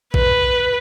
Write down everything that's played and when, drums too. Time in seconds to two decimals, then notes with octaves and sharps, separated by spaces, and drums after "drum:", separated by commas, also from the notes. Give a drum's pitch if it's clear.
0.14 B4, drum: kick A1